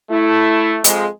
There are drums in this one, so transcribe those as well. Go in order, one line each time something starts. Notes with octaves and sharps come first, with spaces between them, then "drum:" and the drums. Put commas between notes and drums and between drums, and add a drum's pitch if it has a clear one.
A3 E4
F2 G#3, drum: hi-hat